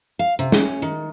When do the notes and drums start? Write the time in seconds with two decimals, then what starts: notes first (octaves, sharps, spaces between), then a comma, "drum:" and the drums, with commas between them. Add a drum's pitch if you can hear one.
0.19 F5
0.39 C3
0.52 C#4, drum: snare
0.82 D#3